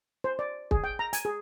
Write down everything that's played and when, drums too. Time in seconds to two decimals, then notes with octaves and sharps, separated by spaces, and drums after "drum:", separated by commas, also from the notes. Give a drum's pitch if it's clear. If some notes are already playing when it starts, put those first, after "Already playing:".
0.24 C5
0.39 D5
0.71 G#4, drum: kick
0.84 G5
0.99 A#5
1.13 G#5, drum: hi-hat
1.25 G#4